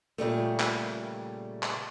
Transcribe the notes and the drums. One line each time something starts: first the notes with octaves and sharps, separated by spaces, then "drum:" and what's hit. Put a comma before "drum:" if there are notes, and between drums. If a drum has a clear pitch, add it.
A#2 C#3 G3 A3
drum: clap
drum: clap